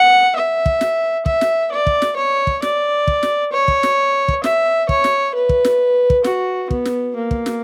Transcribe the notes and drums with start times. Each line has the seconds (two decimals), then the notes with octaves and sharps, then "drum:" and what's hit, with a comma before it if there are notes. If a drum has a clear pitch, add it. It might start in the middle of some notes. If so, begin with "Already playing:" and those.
Already playing: F#5
0.36 E5
0.66 drum: kick
0.81 drum: snare
1.26 E5, drum: kick
1.41 drum: snare
1.72 D5
1.87 drum: kick
2.02 drum: snare
2.16 C#5
2.47 drum: kick
2.62 D5, drum: snare
3.08 drum: kick
3.23 drum: snare
3.52 C#5
3.68 drum: kick
3.83 drum: snare
4.28 drum: kick
4.44 E5, drum: snare
4.89 C#5, drum: kick
5.04 drum: snare
5.35 B4
5.49 drum: kick
5.65 drum: snare
6.10 drum: kick
6.24 F#4, drum: snare
6.71 B3, drum: kick
6.85 drum: snare
7.16 A#3
7.31 drum: kick
7.46 drum: snare